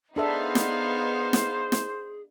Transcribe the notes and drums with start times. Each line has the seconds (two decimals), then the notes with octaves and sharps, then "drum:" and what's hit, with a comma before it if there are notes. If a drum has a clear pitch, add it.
0.16 B3 D4 D#4 G#4 A4 C5 E5 F5
0.55 drum: snare
1.33 drum: snare
1.72 drum: snare